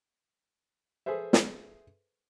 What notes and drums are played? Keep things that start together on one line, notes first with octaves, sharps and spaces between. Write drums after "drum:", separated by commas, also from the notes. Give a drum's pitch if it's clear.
G#4 A4 B4 C5 E5
drum: snare